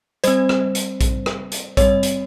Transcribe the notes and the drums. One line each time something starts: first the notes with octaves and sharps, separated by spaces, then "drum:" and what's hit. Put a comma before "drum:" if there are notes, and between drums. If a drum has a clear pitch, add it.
G3 C4 C5, drum: hi-hat
drum: rim click
drum: hi-hat
drum: kick A#1, hi-hat
drum: rim click
drum: hi-hat
G3 C4 C#5, drum: kick A#1, hi-hat
drum: hi-hat